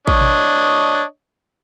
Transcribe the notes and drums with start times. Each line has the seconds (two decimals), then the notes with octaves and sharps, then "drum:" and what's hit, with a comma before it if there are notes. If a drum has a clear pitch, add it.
0.07 D4 C#5 D#5, drum: kick A1
0.21 drum: tom B2